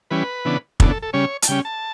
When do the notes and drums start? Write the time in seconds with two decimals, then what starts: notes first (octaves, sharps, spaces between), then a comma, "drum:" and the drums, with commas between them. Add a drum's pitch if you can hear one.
0.10 E3 G3 C#4 B4
0.45 C#3 E3 B3 D4
0.80 C#3 E3 B3 D4 A4, drum: kick
0.90 A4
1.02 A4
1.13 C#3 G3 C#4 C#5
1.42 A5, drum: hi-hat
1.48 C#3 G3 C#4 G5
1.65 A5